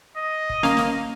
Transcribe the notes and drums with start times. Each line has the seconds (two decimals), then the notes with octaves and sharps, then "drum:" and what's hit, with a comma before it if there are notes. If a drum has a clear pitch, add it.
0.16 D#5
0.50 drum: kick
0.63 A#3 C#4 F5, drum: snare
0.77 drum: snare